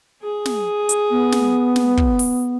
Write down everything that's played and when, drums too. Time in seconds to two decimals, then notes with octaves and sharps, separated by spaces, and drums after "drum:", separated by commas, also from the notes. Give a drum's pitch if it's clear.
0.22 G#4
0.45 drum: snare
0.89 drum: hi-hat
1.11 B3
1.32 drum: snare
1.76 drum: snare
1.97 drum: kick
2.19 drum: open hi-hat